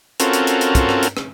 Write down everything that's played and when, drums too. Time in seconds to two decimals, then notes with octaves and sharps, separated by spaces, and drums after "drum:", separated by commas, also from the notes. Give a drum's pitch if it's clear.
0.20 C4 C#4 F4 F#4 A4 A#4, drum: hi-hat
0.33 drum: hi-hat
0.47 drum: hi-hat
0.61 drum: hi-hat
0.75 drum: kick, hi-hat
0.89 drum: rim click
1.03 drum: hi-hat
1.17 drum: rim click